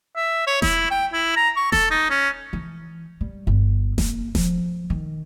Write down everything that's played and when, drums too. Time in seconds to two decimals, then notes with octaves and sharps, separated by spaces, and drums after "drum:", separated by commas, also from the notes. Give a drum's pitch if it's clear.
0.16 E5
0.47 C#5
0.62 E4, drum: snare E1
0.91 G5
1.13 E4
1.36 A#5
1.57 C#6
1.72 A4, drum: snare E1
1.91 D#4
2.10 C#4
2.53 E3
3.21 G3
3.47 G1
3.98 A#3, drum: snare E1
4.35 F3, drum: snare E1
4.90 D#3